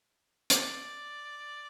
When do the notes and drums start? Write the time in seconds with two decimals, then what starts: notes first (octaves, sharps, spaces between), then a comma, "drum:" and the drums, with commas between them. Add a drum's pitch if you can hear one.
0.50 D5, drum: hi-hat